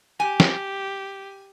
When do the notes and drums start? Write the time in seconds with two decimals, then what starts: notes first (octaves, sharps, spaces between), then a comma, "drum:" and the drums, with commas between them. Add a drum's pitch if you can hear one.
0.20 G4 G#5
0.40 drum: snare